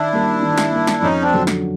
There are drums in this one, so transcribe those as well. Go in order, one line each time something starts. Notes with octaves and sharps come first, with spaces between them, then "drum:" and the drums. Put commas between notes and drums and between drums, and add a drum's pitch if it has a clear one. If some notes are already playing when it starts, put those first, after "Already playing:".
Already playing: D#3 D4 E4
G3 A#3
D#3
drum: snare
G3 A#3
drum: snare
F2 C#4 D#4
C4 D4
D3 F#3
drum: snare